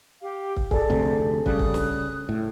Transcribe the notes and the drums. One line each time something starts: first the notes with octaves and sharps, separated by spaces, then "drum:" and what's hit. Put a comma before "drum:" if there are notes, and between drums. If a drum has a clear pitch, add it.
G4 F5
drum: kick
G#4 A4 D5, drum: kick
F1 D2 C3
C#3 G3 D#6 F#6, drum: kick
drum: kick
drum: snare
A2